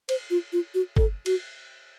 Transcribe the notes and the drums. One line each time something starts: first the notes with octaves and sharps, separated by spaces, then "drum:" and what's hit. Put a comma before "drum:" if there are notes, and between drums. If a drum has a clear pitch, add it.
C5, drum: cymbal
F4
F4
F#4
A4, drum: kick
F#4, drum: cymbal